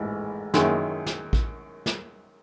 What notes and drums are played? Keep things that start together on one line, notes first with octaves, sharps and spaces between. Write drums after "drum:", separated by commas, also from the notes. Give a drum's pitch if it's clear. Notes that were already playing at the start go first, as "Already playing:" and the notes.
Already playing: A1 G#2 E3
F#2 D#3 G#3 C#4 E4, drum: snare
drum: snare
drum: kick A1
drum: snare